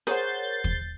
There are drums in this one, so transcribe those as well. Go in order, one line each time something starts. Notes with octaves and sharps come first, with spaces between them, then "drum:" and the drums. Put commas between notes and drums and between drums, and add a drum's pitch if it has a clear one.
G#4 A#4 C5 C#5 F#5 G6 A6 C7, drum: rim click
drum: kick